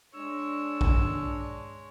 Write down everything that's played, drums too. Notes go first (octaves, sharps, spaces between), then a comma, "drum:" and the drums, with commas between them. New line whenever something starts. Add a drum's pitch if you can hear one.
G#3 D4 C#5 E6
drum: kick